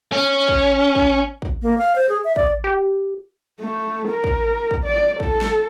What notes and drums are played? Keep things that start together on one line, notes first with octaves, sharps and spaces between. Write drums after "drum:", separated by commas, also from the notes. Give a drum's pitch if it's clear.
C#4
drum: kick
drum: kick
drum: kick
A#3
F5
C5
G#4
E5
D5, drum: kick
G4
A3
A#4
drum: kick
drum: kick
D5
A4, drum: kick
drum: snare